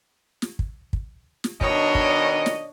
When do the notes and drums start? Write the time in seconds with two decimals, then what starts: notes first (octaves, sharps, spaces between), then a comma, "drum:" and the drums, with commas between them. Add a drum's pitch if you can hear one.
0.42 drum: snare
0.59 drum: kick
0.93 drum: kick
1.44 drum: snare
1.61 B2 D#3 D4 C#5 D#5, drum: kick
1.95 drum: kick
2.46 drum: snare